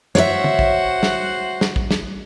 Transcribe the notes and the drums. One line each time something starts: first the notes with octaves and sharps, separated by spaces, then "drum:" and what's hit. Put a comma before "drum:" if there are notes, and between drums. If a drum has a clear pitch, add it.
F#4 C5 C#5 E5 F#5, drum: snare
drum: tom
drum: kick
drum: snare
drum: snare
drum: kick
drum: snare